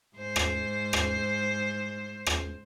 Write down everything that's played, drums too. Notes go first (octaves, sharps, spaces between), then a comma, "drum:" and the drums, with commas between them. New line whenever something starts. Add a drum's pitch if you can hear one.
G#2 C5
drum: rim click
drum: rim click
drum: rim click